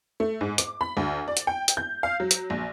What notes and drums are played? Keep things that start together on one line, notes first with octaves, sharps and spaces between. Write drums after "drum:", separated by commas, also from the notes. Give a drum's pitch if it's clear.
A3
G#2
D6, drum: hi-hat
B5
D2
D5
drum: hi-hat
G5
drum: hi-hat
G6
F5
F#3
drum: hi-hat
A#1